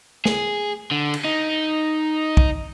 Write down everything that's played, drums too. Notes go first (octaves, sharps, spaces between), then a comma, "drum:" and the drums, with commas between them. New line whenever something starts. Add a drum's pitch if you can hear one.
G#4, drum: snare
D3
drum: cymbal
D#4
drum: kick